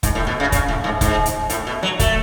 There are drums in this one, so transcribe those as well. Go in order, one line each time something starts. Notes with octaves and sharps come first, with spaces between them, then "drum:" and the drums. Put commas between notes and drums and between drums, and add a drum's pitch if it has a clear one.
G#2, drum: kick, hi-hat
A2
B2
C#3
C#3, drum: kick, hi-hat
A2
G#2
G#2, drum: kick, hi-hat
drum: hi-hat
A2, drum: hi-hat
B2
F#3
A3, drum: kick, hi-hat